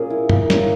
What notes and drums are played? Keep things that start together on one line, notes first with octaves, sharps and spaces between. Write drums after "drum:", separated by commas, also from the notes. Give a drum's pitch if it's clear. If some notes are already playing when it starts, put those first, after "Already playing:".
Already playing: A#2 A#3 C#4 G#4
E4
A#3, drum: tom
C#4, drum: snare